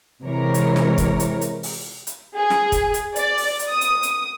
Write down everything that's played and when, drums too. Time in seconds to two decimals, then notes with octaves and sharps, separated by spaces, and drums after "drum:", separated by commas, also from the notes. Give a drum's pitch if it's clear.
0.23 C3 E3 G#3 A#4 C#5
0.54 drum: hi-hat
0.76 drum: snare
0.98 drum: kick, hi-hat
1.20 drum: hi-hat
1.41 drum: hi-hat
1.63 drum: open hi-hat
2.07 drum: hi-hat
2.36 G#4
2.50 drum: snare
2.72 drum: kick, hi-hat
2.94 drum: hi-hat
3.16 D5, drum: hi-hat
3.37 drum: open hi-hat
3.59 drum: hi-hat
3.71 D#6
3.81 drum: hi-hat
4.03 drum: hi-hat